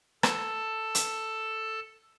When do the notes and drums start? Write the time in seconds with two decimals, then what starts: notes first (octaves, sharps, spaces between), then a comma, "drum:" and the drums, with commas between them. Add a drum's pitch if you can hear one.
0.23 A4 A5, drum: rim click
0.95 drum: hi-hat